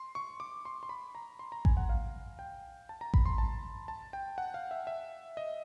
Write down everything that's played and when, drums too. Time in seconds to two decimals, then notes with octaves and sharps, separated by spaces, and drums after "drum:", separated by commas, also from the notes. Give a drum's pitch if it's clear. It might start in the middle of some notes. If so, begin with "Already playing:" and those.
Already playing: C6
0.15 C#6
0.40 D6
0.65 C6
0.83 C6
0.89 B5
1.15 A#5
1.39 C6
1.52 A#5
1.65 G#5, drum: kick A1
1.77 F#5
1.89 F5
2.39 G5
2.89 A5
3.01 A#5
3.14 B5, drum: kick A1
3.26 C6
3.38 A5
3.88 A5
4.13 G5
4.38 F#5
4.54 F5
4.71 E5
4.87 E5
5.37 D#5